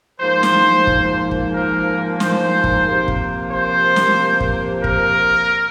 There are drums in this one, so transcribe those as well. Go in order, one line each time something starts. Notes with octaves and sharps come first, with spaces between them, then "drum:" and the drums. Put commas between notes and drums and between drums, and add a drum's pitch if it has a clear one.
G#2 F3 A#3 C5
drum: snare
drum: kick
drum: kick
A#4
C5, drum: snare
drum: kick
C3 F3 A#3
drum: kick
C5
drum: snare
drum: kick
A#4, drum: kick